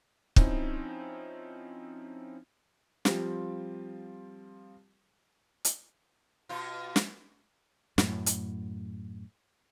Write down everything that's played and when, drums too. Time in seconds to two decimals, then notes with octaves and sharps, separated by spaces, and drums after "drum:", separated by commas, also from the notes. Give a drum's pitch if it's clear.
0.36 F3 C4 C#4 D#4 E4, drum: kick
3.05 F3 G3 C4 F4 G4, drum: snare
5.65 drum: hi-hat
6.49 B2 F4
6.96 drum: snare
7.98 F#2 A2, drum: snare
8.26 drum: hi-hat